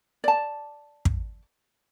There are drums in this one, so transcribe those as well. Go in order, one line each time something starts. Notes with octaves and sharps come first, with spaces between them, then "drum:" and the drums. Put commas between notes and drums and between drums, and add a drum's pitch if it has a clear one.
D5 A5
drum: kick